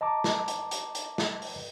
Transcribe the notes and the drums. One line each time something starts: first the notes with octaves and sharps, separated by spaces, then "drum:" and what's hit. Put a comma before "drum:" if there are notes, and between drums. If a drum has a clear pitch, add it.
D#5 A5 A#5 D6
drum: snare
drum: hi-hat
drum: hi-hat
drum: hi-hat
drum: snare
drum: open hi-hat